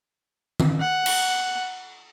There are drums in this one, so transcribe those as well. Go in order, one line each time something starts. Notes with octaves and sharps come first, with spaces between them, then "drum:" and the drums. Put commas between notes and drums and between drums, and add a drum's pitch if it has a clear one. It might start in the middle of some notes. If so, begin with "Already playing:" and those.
drum: tom D#3
F#5
drum: cymbal